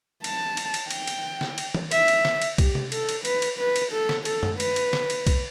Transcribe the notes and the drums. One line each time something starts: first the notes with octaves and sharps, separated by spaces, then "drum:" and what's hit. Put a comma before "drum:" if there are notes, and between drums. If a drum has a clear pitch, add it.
A5, drum: cymbal
drum: cymbal
drum: cymbal
G5, drum: cymbal
drum: cymbal
drum: snare
drum: cymbal
drum: tom E3
E5, drum: cymbal
drum: cymbal
drum: snare
drum: cymbal
G4, drum: kick B1, cymbal
drum: tom C3
A4, drum: cymbal
drum: cymbal
B4, drum: cymbal
drum: cymbal
B4
drum: cymbal
A4
drum: snare
A4, drum: cymbal
drum: tom
B4, drum: cymbal
drum: cymbal
drum: snare
drum: cymbal
drum: kick B1, cymbal